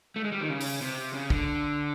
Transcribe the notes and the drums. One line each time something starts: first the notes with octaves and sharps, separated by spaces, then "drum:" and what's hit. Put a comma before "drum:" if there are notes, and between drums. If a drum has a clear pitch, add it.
A3
G#3
G3
D#3
C#3
drum: open hi-hat
C3
C#3
D3, drum: kick